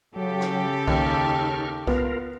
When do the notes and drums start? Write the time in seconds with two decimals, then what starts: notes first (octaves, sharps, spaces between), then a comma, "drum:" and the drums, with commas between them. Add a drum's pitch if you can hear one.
0.16 C#3 F#3 G4 A4
0.41 drum: rim click
0.88 D#2 D#4 C#6 F6, drum: kick C2
1.87 B3 F4 A#4, drum: kick C2